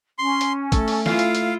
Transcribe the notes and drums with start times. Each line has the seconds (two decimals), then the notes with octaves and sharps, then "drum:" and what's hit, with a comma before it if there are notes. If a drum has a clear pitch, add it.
0.18 C#4 C6
0.41 drum: hi-hat
0.72 A3 A4, drum: kick, hi-hat
0.88 drum: open hi-hat
1.06 E4 F4 F5, drum: snare
1.19 drum: hi-hat
1.35 drum: hi-hat